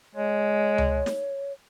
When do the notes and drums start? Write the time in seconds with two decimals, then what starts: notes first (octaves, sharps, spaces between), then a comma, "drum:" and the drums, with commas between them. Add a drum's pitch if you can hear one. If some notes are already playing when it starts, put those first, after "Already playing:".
0.15 G#3 C#5
0.78 drum: tom C#2
1.06 drum: snare